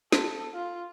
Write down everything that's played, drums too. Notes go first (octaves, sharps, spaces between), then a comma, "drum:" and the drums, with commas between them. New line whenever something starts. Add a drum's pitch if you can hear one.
A4, drum: snare
F4